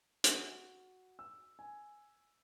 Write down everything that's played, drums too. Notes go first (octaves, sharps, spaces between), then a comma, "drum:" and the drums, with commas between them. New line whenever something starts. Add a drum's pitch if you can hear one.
F#4, drum: hi-hat
E6
G#5